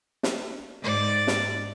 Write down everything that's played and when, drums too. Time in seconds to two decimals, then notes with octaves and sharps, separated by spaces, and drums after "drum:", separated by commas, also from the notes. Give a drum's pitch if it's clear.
0.23 drum: snare
0.82 G#2 D5
1.27 drum: snare